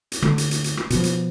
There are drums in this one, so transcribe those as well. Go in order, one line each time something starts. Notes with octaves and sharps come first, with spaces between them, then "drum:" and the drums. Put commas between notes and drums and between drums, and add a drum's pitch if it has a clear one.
drum: hi-hat
D3 A3, drum: rim click
drum: hi-hat
drum: hi-hat
drum: hi-hat
drum: rim click
B2 F3, drum: hi-hat
drum: hi-hat